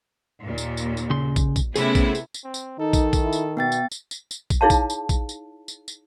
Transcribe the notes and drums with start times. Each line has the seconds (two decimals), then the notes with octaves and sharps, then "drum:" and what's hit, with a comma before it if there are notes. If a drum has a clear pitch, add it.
0.42 D#2 A#2
0.58 drum: tambourine
0.77 drum: tambourine
0.97 drum: tambourine
1.10 C#3 C6
1.36 drum: kick, tambourine
1.56 drum: kick, tambourine
1.76 C3 A3 B3 C#4 E4 G#4, drum: tambourine
1.95 drum: kick, tambourine
2.15 drum: tambourine
2.34 drum: tambourine
2.44 C4
2.54 drum: tambourine
2.79 D#3 D#4 A4
2.93 drum: kick, tambourine
3.13 drum: kick, tambourine
3.23 E4
3.33 drum: tambourine
3.57 B2 B3 G5 A6
3.72 drum: tambourine
3.91 drum: tambourine
4.11 drum: tambourine
4.31 drum: tambourine
4.50 drum: kick, tambourine
4.61 D#4 E4 G#4 C#5 F5 A5
4.70 drum: kick, tambourine
4.90 drum: tambourine
5.09 drum: kick, tambourine
5.29 drum: tambourine
5.68 drum: tambourine
5.88 drum: tambourine